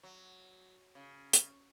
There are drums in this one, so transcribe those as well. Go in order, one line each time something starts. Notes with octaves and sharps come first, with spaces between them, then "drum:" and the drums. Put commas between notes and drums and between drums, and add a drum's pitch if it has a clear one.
F#3
C#3
drum: hi-hat